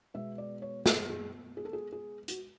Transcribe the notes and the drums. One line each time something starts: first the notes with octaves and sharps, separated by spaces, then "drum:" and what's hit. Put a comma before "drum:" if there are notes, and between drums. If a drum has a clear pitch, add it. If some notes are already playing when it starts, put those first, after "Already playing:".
B2 G#3 B3 E5
D5
C#5
G#4, drum: snare
G#4
G#4
A4
G#4
G#4
F#4, drum: hi-hat